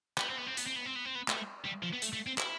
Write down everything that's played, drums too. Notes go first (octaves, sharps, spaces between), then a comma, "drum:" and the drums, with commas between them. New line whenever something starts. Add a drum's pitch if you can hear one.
B3, drum: clap
C4
B3
C4
B3, drum: hi-hat
C4
B3
C4
B3
C4
B3
A3, drum: clap
G3
F3
B3
A3, drum: hi-hat
A3
C4
E4, drum: clap